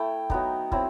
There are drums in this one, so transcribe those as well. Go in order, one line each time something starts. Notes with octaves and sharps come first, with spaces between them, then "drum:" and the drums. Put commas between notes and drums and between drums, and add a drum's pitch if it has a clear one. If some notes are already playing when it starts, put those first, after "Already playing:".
Already playing: A3 E4 G5
F#3 B3 D#4, drum: kick
F#3 C4 E4, drum: kick